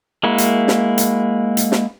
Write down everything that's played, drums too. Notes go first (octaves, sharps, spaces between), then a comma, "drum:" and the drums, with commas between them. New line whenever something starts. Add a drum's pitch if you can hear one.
G#3 A#3 E4 F#4
drum: hi-hat
drum: snare
drum: hi-hat
drum: hi-hat
drum: snare